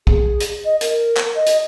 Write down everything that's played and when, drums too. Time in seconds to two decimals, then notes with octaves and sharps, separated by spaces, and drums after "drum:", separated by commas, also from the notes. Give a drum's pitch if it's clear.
0.07 G#4, drum: kick
0.40 drum: hi-hat
0.65 D#5
0.81 A#4, drum: hi-hat
1.17 drum: clap
1.35 D#5
1.46 drum: hi-hat